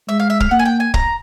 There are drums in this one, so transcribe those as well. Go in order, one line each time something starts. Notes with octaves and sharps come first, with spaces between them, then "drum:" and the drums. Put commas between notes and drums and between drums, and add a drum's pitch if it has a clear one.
G#3 E5
F5
E5
F5, drum: kick
A#3 F#5
G#5
G5
G#5
A#5, drum: kick